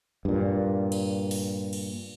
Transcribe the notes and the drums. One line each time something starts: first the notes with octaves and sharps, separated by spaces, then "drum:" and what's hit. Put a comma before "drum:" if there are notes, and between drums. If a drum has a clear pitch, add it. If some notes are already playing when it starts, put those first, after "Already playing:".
G2 A#2
drum: cymbal
drum: open hi-hat
drum: cymbal